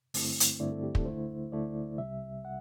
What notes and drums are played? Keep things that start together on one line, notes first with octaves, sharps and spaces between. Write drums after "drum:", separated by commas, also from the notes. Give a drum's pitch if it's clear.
G2 D3 A3 C4 E4, drum: open hi-hat
drum: hi-hat
G2 D3 A3 C4 E4 D5
A4
G4
A4, drum: kick
D2 D3 A3 E4 C5
D2 D3 A3 E4 D5
C2 C3 G3 E5
F#5